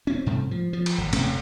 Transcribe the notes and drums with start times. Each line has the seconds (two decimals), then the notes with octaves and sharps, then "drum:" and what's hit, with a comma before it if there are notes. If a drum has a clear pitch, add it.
0.07 C4 C#4
0.26 G#2 C3 G3 A3
0.51 F3
0.73 F3
0.86 drum: cymbal
0.98 G#1
1.13 E1 C3 A3 C#4, drum: cymbal